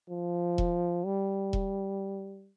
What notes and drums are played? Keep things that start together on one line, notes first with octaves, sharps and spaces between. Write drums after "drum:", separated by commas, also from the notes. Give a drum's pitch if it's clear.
F3
drum: kick E1
G3
drum: kick E1